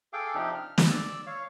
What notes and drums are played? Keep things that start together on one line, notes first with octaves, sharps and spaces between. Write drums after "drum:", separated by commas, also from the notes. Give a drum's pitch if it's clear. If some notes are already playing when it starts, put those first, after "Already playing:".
G#4 A4 F5 G5 D6
C3 F3 D4 D#4 G4
F6
drum: snare
D5 E6
C#5 F5